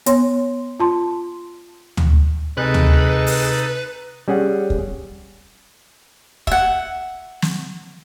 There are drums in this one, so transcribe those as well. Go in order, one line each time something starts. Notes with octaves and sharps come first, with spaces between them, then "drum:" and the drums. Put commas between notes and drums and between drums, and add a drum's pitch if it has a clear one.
B3 C#5 C6, drum: hi-hat
F4 A5 C6
drum: tom D2
C3 G#3 D#4 A4 B4 F#6
drum: tom D2
drum: open hi-hat
G3 C#4 G#4 F#5
drum: kick
E5 F#5, drum: kick
drum: snare